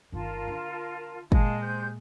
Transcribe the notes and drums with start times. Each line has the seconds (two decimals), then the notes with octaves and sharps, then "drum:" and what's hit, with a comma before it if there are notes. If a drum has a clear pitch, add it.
0.12 G1 D#3 F4 A#4 A5
0.48 D3
1.32 A#2 G#3 D#5 F5 A5, drum: kick
1.61 G4 C5 G6